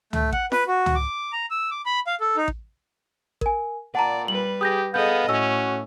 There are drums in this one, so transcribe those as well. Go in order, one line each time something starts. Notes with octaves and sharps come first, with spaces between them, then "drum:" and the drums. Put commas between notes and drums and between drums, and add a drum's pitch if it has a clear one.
A3, drum: tom
F#5, drum: kick A1
B4, drum: snare F4
F#4
drum: tom
D6
A#5
E6
D6
B5
F5
A4
D#4
drum: kick A1
A#4 G#5, drum: kick A1
A#2 D5 F#5 A5 A#5
G3 B4 F#7
G4 G#4 D#6 G6 A#6
B3 G#4 A4 D#5 F5 G6
A2 C#4 F#4 E6